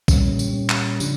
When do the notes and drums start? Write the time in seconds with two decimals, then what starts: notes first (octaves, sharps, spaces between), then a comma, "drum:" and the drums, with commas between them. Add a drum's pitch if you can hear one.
0.08 A#2 G3 C#4, drum: kick, tambourine
0.39 drum: tambourine
0.54 C#4
0.70 drum: clap
1.00 C#3 F3 D4, drum: tambourine